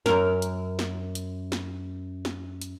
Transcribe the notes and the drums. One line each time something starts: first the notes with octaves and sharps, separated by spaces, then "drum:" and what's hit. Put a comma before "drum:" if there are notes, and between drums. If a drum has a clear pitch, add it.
F#2 A#4, drum: snare
drum: hi-hat
drum: snare
drum: hi-hat
drum: snare
drum: snare
drum: hi-hat